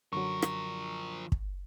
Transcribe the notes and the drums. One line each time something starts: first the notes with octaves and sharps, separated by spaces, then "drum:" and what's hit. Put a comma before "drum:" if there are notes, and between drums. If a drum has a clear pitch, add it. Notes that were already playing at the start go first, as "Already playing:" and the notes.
F#2 D3 F3 F#3 A#4 C#6
drum: rim click
drum: kick